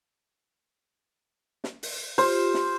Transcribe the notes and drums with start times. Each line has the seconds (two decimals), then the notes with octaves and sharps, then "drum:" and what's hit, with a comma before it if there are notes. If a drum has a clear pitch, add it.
1.64 drum: snare
1.83 drum: open hi-hat
2.18 F4 G4 C5, drum: open hi-hat
2.54 drum: snare